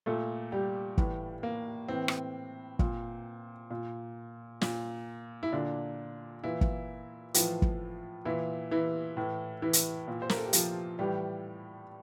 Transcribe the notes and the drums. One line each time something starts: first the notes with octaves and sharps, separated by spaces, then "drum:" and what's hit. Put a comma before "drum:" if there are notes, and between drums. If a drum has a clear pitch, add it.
A#2 A3 A4
G3 G4
A2 E3, drum: kick
A#3
A2 E3 C4
drum: rim click
A#2, drum: kick
A#2
A#2, drum: snare
E4
A#2 D3 D4
A#2 E3 E4
drum: kick
A2 E3 F3 F4, drum: hi-hat
drum: kick
A#2 E3 E4
E3 E4
A2 E3
E3 E4
drum: hi-hat
A#2
C5
A#4, drum: snare
A4
G4
F3 F4, drum: hi-hat
A2 E3 G3 G4